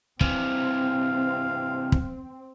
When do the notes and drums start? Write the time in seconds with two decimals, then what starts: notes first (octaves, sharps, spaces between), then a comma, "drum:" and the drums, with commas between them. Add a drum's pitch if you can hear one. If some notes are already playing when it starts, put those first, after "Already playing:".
0.21 C3 E3 C4 F5, drum: kick
1.92 drum: kick